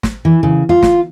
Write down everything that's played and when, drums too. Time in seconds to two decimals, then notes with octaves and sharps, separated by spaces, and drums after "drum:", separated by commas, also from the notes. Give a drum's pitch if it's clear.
0.03 drum: snare
0.25 E3
0.43 C#3
0.69 F4
0.82 drum: snare